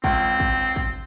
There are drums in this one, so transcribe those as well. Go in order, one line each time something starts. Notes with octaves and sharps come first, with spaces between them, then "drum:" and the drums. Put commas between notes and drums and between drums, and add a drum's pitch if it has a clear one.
C#2 C4, drum: kick
drum: kick
drum: kick